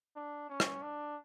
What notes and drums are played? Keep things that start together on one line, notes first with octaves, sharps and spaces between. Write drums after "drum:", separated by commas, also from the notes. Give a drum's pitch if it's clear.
D4
C#4
drum: rim click
D4